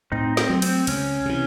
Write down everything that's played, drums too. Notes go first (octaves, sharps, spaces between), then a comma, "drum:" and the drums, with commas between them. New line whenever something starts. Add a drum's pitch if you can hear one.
A2 C4 D#4
C4, drum: snare
F#3 A3
C4, drum: cymbal
C#2 C#4, drum: cymbal
C3 E3